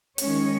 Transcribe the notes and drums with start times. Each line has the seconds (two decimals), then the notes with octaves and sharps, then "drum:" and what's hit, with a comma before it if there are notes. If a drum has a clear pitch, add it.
0.18 D#3 G#3 C#4 C#5, drum: hi-hat